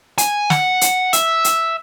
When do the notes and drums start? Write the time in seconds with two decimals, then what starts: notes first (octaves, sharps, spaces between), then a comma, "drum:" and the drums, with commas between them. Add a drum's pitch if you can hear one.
0.18 G#5, drum: hi-hat
0.50 F#5, drum: snare
0.81 drum: hi-hat
1.13 E5, drum: hi-hat
1.44 drum: hi-hat